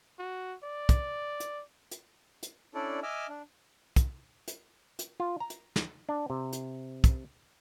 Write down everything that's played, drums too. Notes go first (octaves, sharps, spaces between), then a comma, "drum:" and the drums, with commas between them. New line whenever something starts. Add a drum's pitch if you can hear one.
F#4
D5
drum: kick, hi-hat
drum: hi-hat
drum: hi-hat
drum: hi-hat
C#4 D4 E4 A4 D5
D#5 E5 G#5 D6 E6 F6
D4
drum: kick, hi-hat
drum: hi-hat
drum: hi-hat
F4
A#5
drum: hi-hat
drum: snare
D4
C3
drum: hi-hat
drum: kick, hi-hat